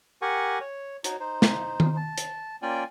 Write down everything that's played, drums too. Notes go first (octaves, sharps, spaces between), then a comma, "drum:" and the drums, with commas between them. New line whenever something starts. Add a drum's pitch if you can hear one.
G4 A#4 F#5 G#5 C#6
C#5
D#4 F#4 C#5, drum: hi-hat
D#4 C5
drum: snare
drum: tom D#3
A5
drum: hi-hat
A#3 C#4 F4 D5 G5 G#5